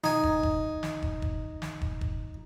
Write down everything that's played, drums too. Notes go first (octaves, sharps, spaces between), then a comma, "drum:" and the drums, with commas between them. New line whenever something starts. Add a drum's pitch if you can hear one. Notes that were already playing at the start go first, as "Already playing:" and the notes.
D#4 G#5, drum: snare
drum: kick
drum: kick
drum: snare
drum: kick
drum: kick
drum: snare
drum: kick
drum: kick